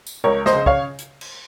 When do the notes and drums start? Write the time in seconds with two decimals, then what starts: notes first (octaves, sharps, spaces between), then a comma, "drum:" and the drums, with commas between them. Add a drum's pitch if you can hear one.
0.07 drum: tambourine
0.24 C#2 A#4 C#5
0.46 C5 D#5, drum: snare
0.53 C#3
0.66 C#5 F5, drum: kick
0.99 drum: hi-hat
1.21 drum: cymbal